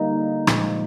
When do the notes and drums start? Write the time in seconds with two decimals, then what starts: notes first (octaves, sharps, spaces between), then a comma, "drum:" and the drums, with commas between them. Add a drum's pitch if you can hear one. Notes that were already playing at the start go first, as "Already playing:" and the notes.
Already playing: D3 G3 A#3 D#4
0.47 A#2 F3 G#3, drum: rim click